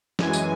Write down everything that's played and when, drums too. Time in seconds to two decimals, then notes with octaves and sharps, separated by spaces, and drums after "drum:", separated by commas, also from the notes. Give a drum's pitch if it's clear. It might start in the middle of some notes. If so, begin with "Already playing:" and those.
0.19 F#2 E3 G#3 G#5, drum: snare
0.33 drum: tambourine